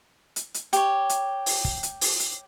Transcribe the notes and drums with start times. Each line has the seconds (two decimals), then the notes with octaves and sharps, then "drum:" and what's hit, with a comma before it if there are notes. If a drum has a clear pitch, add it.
0.36 drum: hi-hat
0.54 drum: hi-hat
0.73 G4 C#5, drum: hi-hat
1.09 drum: hi-hat
1.46 drum: open hi-hat
1.65 drum: kick
1.83 drum: hi-hat
2.01 drum: open hi-hat
2.20 drum: hi-hat